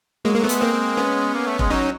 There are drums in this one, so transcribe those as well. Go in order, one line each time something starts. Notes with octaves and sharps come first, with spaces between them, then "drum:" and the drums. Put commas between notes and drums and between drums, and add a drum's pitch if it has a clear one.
F#3 G#3 A#3
F#3 A#3
A3 B3
G#3, drum: hi-hat
A#3 C4
B3 C#4
A#3
A3
G#3, drum: kick F1
F#3 C#4 D#4